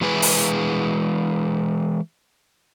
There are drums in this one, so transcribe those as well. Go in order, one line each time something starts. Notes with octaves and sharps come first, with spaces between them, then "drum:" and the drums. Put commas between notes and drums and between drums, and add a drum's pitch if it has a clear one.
E3 G#3 G#4 B4
drum: open hi-hat